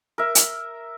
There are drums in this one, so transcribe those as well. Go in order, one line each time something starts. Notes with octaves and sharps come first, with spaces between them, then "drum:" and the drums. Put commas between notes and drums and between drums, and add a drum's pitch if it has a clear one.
A#4 E5
drum: hi-hat